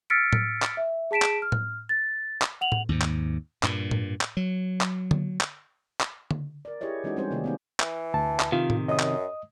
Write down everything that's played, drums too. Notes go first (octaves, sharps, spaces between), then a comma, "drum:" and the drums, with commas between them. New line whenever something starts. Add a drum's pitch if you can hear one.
E6 F6 A6 B6 C#7 D7
drum: tom A2
drum: clap
E5
G#4 A5 B6 D7 E7
drum: clap
F6
drum: tom A2
A6
drum: clap
F#5 F7 F#7
drum: tom A2
D#2 G#2
drum: clap
G2 A#2, drum: clap
drum: tom A2
drum: clap
F#3
drum: clap
drum: tom D3
drum: clap
drum: clap
drum: tom D3
A#4 D5
E4 G4 G#4 C#5 D#5
E3 G#3 C#4 D#4 F#4
G3 C4 C#4 G4 C5
C3 D#3 A#3 C#4 G4
B3 C4 D#4
E3, drum: clap
D2 A5
drum: clap
C3 D#3 F4
drum: tom A2
F#2 D#5 D#6
drum: clap